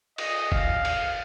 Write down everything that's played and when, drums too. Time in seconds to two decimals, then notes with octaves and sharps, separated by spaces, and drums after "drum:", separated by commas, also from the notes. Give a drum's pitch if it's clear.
0.18 D#5, drum: cymbal
0.52 F5, drum: kick
0.85 drum: cymbal